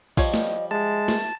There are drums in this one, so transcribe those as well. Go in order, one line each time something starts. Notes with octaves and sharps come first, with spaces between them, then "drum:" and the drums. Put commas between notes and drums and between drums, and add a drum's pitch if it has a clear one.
F3 G3 C#5 D#5, drum: kick A#1
drum: snare
G#3 E5 A5
drum: snare